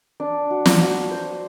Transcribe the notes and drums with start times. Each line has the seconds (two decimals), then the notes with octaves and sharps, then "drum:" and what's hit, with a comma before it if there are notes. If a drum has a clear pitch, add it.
0.20 D4
0.51 F#4
0.66 drum: snare
0.81 F#4
1.11 C5